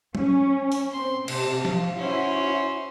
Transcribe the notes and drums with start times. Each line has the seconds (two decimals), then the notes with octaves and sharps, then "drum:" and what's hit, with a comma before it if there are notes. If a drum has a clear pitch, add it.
0.15 C#4, drum: tom F#3
0.72 drum: open hi-hat
0.92 C4 C5 C6
1.28 C3 A5, drum: cymbal
1.65 F3, drum: snare
1.98 C#4 E4 F#4 C5